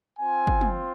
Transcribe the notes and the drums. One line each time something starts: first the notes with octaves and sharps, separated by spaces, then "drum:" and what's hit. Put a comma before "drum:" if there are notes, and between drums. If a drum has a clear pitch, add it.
C4 F4 G#5
drum: kick
drum: tom